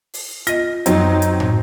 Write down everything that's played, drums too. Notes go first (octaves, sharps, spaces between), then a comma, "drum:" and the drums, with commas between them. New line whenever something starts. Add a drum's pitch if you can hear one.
drum: open hi-hat
F4 D#5 A#6, drum: hi-hat
F#2 F#3 C4 D#4, drum: hi-hat
drum: hi-hat
drum: tom